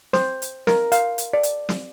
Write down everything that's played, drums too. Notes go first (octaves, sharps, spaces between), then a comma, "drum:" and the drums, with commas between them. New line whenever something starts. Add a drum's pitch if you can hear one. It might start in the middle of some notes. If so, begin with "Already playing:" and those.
C5, drum: snare
drum: hi-hat
A#4, drum: snare
F5, drum: hi-hat
drum: hi-hat
D5
drum: hi-hat
drum: snare